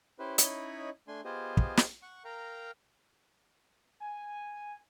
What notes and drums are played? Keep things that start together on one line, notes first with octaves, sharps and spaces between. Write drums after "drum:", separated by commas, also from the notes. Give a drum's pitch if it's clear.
C#4 E4 G4 B4 C5
C#4 D#4 E4 C#5 D#5 B5, drum: hi-hat
A3 D4 G#5 C6
B3 F4 G4 G#4 C5 D#5
drum: kick
drum: snare
F#5 C#6
A#4 F5 G5 A#5
G#5